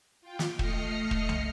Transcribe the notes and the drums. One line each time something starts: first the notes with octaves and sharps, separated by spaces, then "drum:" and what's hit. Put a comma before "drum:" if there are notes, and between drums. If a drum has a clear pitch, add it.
F4 G5
drum: snare
A3 D#5 F6 A#6 C7 C#7, drum: kick
drum: kick
drum: tom C2